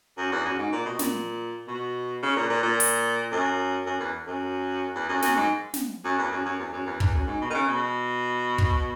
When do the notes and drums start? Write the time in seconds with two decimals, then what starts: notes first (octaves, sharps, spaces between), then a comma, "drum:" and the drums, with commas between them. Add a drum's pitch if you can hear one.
0.17 F#2
0.32 E2
0.45 F#2
0.59 G#2
0.72 A#2
0.86 B2
0.99 A#2, drum: snare
1.68 B2
2.23 C#3
2.36 A#2
2.49 A#2
2.63 A#2
2.80 drum: open hi-hat
3.32 F#2
3.86 F#2
4.00 E2
4.27 F#2
4.95 E2
5.09 F#2
5.22 F#2, drum: snare
5.36 G#2
5.74 drum: snare
6.04 F#2
6.18 E2
6.32 F#2
6.45 F#2
6.59 E2
6.73 F#2
6.86 E2
7.00 E2, drum: kick
7.14 F#2
7.27 G#2
7.41 B2
7.50 D#3
7.54 C#3
7.68 B2
8.58 drum: kick